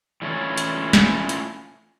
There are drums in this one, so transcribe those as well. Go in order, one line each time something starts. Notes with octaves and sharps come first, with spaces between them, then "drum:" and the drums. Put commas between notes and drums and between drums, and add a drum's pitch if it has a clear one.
E3 A3 C#4 E4 F4 C#5
drum: hi-hat
drum: snare
drum: hi-hat